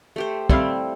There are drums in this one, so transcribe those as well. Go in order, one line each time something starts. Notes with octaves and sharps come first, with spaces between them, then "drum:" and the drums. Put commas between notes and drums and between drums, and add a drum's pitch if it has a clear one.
A3 G4 C5
G3 A3 C4 E4 F5, drum: kick